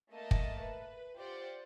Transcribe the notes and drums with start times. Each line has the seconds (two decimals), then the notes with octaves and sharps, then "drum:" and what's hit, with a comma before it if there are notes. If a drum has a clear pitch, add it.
0.12 A3 A#3 D#5 A5
0.31 drum: kick
0.60 B4
1.17 F4 G4 C5 D5 F#5